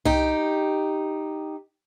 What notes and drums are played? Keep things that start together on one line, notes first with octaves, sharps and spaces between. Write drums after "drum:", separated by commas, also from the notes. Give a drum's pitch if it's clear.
D#4 G4, drum: tom C2